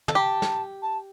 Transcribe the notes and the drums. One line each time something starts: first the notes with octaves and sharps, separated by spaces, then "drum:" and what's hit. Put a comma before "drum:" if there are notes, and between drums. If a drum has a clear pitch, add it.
A4, drum: tom
G4 A5 B5
drum: snare
A5